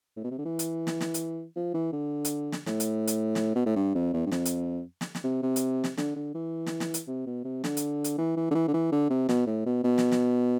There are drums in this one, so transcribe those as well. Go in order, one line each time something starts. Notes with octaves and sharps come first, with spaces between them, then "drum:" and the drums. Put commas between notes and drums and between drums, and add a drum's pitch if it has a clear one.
A2
B2
C3
D3
E3
drum: hi-hat
drum: snare
drum: snare
drum: hi-hat
F3
E3
D3
drum: hi-hat
drum: snare
A2, drum: snare
drum: hi-hat
drum: hi-hat
drum: snare
B2
A2
G2
F2
E2
G2
F2, drum: snare
drum: hi-hat
drum: snare
drum: snare
C3
C3
drum: hi-hat
drum: snare
D3, drum: snare
D3
E3
drum: snare
drum: snare
drum: hi-hat
C3
B2
C3
D3, drum: snare
drum: hi-hat
drum: hi-hat
E3
E3
D3
E3
D3
E3
D3
C3
B2, drum: snare
A2
B2
B2
drum: snare
drum: snare